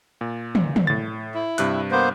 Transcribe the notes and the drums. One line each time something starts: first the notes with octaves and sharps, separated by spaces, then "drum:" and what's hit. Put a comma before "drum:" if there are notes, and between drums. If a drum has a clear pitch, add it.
A#2
drum: tom
drum: tom
A2 A6
E4
G2 C3 F#6, drum: hi-hat
A#3 B3 C5